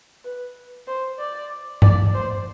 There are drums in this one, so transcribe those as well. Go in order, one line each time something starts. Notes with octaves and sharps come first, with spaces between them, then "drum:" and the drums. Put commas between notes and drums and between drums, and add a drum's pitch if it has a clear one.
B4
C5
D5
D5, drum: tom G2
C5